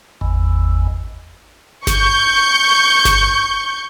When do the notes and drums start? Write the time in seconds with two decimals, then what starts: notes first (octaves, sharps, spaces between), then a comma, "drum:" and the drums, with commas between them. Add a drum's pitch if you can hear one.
0.21 G#1 E2
1.87 C#6 G6, drum: snare G1
3.05 drum: snare G1